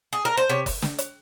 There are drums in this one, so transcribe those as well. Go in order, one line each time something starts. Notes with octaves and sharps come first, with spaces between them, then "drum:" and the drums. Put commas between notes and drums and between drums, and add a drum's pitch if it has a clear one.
G#4
A#4
C5
C3 C#5
drum: kick F#1, open hi-hat
drum: snare
drum: hi-hat